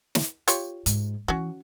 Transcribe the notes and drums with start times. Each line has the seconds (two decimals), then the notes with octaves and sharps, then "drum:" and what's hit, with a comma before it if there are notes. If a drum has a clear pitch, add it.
0.15 drum: snare
0.48 F4 G4 C#5, drum: hi-hat
0.86 G#2, drum: hi-hat
1.28 E3 C#4 F#4